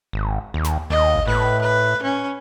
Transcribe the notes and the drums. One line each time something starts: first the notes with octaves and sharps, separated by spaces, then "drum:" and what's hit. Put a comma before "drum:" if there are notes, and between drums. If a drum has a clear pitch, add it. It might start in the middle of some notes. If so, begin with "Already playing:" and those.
G#1
D#2
drum: snare
D#2 D#5
drum: kick G#1
A2 B4
B4
C#4